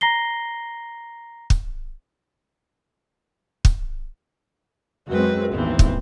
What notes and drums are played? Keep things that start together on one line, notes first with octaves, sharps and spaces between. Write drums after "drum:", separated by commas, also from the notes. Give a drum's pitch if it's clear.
A#5 A#6 C7 G7
drum: kick
drum: kick
F#2 G#3 C4 F#4 B4
G#1 D#2 E3 B3 C4
drum: kick